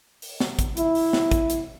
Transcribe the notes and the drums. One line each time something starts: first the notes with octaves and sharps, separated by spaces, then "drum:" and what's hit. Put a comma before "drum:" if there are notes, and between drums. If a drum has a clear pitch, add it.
drum: open hi-hat
drum: snare
drum: kick, hi-hat
E4, drum: hi-hat
drum: open hi-hat
drum: snare
drum: kick, hi-hat
drum: hi-hat